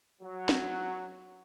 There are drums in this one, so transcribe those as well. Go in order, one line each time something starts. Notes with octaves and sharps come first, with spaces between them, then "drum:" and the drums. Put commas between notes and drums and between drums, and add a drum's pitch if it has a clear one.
F#3
drum: snare